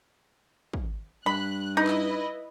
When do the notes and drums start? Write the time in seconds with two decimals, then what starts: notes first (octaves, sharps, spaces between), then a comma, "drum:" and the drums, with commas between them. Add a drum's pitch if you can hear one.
0.73 drum: kick
1.26 G2 B5 F#6
1.77 D#4 E4 B4 D#5
1.87 drum: clap